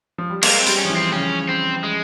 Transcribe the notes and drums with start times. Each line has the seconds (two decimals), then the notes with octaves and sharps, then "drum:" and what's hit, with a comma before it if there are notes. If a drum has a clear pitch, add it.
0.18 F3
0.30 G3
0.43 G#3 A#3, drum: cymbal
0.60 C4
0.66 G3, drum: open hi-hat
0.78 C#4
0.85 F3
0.90 E3
0.96 C4
1.13 C#3 C#4
1.49 C4
1.84 G#3